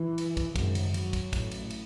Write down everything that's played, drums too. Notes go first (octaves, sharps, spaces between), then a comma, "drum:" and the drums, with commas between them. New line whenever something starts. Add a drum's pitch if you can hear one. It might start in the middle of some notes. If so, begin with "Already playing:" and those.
Already playing: E3
drum: cymbal
drum: kick, cymbal
G#1 F#2 C#3, drum: kick, cymbal
drum: cymbal
F#3, drum: cymbal
drum: kick, cymbal
A1 A2, drum: kick, cymbal
drum: cymbal
drum: cymbal